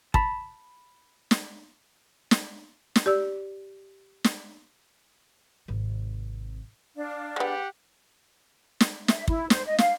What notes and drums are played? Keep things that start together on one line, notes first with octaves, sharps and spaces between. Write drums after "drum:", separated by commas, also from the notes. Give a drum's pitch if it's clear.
A5 B5, drum: kick
drum: snare
drum: snare
drum: snare
G4 D5 E6
drum: snare
G#1 C3
D4 F5
G#3 B3 G4 F#5
drum: snare
E5, drum: snare
E4, drum: kick
C5, drum: snare
D#5
F5, drum: snare